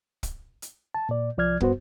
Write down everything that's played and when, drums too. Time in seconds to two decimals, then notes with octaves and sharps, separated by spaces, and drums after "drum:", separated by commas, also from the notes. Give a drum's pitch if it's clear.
0.23 drum: kick, hi-hat
0.62 drum: hi-hat
0.95 A5
1.09 A#2 D5
1.37 C2 F3 D5 F6 G#6
1.60 G2 B3 F#4 C5, drum: kick